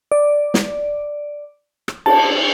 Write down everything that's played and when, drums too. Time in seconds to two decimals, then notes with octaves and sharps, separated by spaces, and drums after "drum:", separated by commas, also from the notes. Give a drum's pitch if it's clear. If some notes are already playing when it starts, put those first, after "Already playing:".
0.12 D5
0.54 drum: snare
1.88 drum: rim click
2.06 A5, drum: cymbal